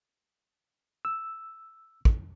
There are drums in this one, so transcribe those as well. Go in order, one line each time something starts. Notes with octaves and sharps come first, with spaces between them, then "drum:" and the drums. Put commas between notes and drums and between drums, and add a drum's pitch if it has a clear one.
E6
drum: kick